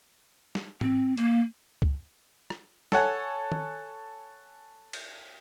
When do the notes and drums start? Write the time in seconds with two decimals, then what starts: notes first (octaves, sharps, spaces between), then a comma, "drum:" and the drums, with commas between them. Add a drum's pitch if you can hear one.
0.55 drum: snare
0.81 C4, drum: tom G#2
1.17 A#3, drum: hi-hat
1.82 drum: kick C#2
2.50 drum: rim click
2.92 A4 C#5 F#5 G#5, drum: snare
3.52 drum: tom
4.93 drum: cymbal